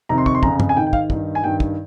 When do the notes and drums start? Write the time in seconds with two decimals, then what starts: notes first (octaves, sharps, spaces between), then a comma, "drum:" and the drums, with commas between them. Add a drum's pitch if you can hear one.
0.09 F2 C3 D#3 A#5
0.18 C6
0.26 C#6, drum: kick
0.35 C6
0.43 F2 C#3 A#5, drum: kick
0.60 drum: tom
0.69 G#5
0.77 G#2 D#3 G5
0.87 G5
0.93 F5, drum: kick
1.10 G2 D#3, drum: kick
1.35 G#5
1.43 G2 D#3 G5
1.60 drum: kick